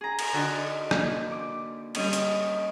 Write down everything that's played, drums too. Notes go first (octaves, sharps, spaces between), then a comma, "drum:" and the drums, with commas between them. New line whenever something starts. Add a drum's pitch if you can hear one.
G#4 A#5
drum: cymbal
D3 D4 D#4 F#4 A4
A#3, drum: rim click
D6
G3 C#4 D#5, drum: cymbal
drum: hi-hat